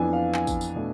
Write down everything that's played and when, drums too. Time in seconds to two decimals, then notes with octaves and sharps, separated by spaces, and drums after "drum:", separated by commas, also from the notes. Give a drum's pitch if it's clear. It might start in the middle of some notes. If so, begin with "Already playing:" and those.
Already playing: F2 E3 B3 D4 G#5
0.13 F5
0.34 G#5, drum: clap
0.47 drum: kick, tambourine
0.61 drum: tambourine
0.75 B2 A3 D4